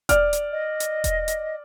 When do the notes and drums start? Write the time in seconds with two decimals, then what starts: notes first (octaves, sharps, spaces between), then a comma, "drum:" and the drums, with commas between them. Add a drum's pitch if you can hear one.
0.09 D5 F6, drum: kick E1, hi-hat
0.33 drum: hi-hat
0.52 D#5
0.80 drum: hi-hat
1.04 drum: kick E1, hi-hat
1.28 drum: hi-hat